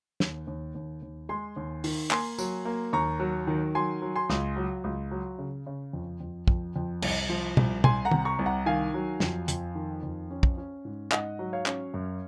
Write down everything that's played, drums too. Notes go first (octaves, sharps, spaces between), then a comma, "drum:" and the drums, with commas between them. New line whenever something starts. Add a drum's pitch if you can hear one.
D#2, drum: snare
D#2
D#2
D#2
G#3 G#5 C6
D#2
D#3, drum: open hi-hat
A#3 G#5 C6, drum: clap
F#3, drum: tambourine
A#3
D#2 A#5 C#6
F#3
D#3
F#3 G#5 C6
F#3
G#5 C6
C#2, drum: snare
F#3
C#2
F#3
C#3
C#3
F2
F2
F2, drum: kick
F2
C2, drum: cymbal
F3
C2, drum: tom
C2 G#5 C6, drum: tom
F#5 A#5
C3, drum: tom
A#5 C#6
C2
F#5 A#5
D#3 F5 G#5
F#3
F2, drum: snare
F2, drum: hi-hat
D#3
F2
C#4
drum: kick
C#4
G#2
G#2 D#5 F#5, drum: clap
F#3
C#5 F5
C#4, drum: clap
F#2